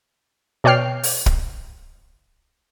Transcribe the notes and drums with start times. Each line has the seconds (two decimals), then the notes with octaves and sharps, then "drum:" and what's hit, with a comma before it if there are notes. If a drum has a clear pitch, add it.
0.64 B2 C#5 D5 G5 F6 C7
1.03 drum: open hi-hat
1.26 drum: kick